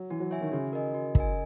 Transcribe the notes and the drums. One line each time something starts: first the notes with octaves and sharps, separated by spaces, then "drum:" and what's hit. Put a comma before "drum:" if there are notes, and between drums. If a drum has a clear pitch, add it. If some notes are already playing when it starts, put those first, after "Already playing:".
Already playing: F#3
E3 F#4
F#3
C#5 E5 G#5
D#3
C#3 F#4
A#4 D#5 G#5
F#4
A#4 D#5 G#5, drum: kick